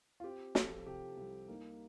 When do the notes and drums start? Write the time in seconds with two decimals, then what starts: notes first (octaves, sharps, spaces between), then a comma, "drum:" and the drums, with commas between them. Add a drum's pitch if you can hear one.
0.20 F4
0.24 C4 G4
0.55 F3 A4, drum: snare
0.86 C3 G4
1.17 C2
1.48 A#3 D#4